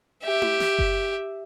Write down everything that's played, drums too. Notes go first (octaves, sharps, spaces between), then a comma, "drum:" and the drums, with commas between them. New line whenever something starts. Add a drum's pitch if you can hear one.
G4 E5
drum: tom E4
drum: snare
drum: kick F#1